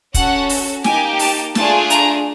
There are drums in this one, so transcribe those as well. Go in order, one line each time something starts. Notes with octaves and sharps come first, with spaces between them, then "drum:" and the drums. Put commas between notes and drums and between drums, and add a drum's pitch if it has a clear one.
C#4 F#4 A4 F#5, drum: kick, hi-hat
drum: open hi-hat
A#3 D#4 G4 G#5, drum: snare
A5, drum: open hi-hat
A3 D4 F4 G#4 A5, drum: snare
A#5, drum: hi-hat